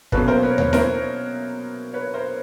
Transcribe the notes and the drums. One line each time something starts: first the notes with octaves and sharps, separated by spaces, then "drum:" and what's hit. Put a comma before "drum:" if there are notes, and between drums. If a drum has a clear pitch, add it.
B2 F#3 A#3 C#4 A4 B4, drum: kick
A#4 C5
B4 C#5
B4 C#5, drum: tom D#2
A#4 C5, drum: snare E4
B4 C#5
A#4 C5